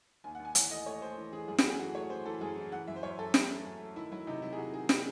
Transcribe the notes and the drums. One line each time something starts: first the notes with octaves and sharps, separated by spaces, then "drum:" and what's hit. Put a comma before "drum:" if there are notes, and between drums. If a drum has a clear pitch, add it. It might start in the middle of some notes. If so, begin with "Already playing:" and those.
D#2 G#5
F#5
D#2
G#5
E3 F#5, drum: hi-hat
A3 D#5
A3 C#5
A3 C5
E3
E3 G#4
F#2 G#4
F#4, drum: snare
A3 G#4
E3 F#4
A3 C#5
E3 C5
E3 A4
F#2 G#4
E3
E3 F#5
F#2 E5
C5
F#2 C#5
F#2 A4
A3 A4, drum: snare
A3
F#2
A3
D#3 E4
F#3 E4
C3 D#4
F#3 E4
G#4
C3 F#4
D#3 G#4
D#3, drum: snare